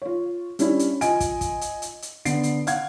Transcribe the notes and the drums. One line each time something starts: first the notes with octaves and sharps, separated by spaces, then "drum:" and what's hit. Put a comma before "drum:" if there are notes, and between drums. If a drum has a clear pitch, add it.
F4 C#5
G3 C#4 D4 E4, drum: hi-hat
drum: hi-hat
F4 D#5 G#5 D7, drum: hi-hat
drum: kick, hi-hat
drum: kick, hi-hat
drum: hi-hat
drum: hi-hat
drum: hi-hat
D3 B3 C7 D7, drum: hi-hat
drum: hi-hat
F5 F#5 G#6, drum: hi-hat